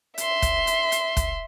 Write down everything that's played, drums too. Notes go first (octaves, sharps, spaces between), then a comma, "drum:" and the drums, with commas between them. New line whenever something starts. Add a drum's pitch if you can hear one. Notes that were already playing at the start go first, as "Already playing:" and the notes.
E5 C6, drum: hi-hat
drum: kick, hi-hat
drum: hi-hat
drum: hi-hat
drum: kick, hi-hat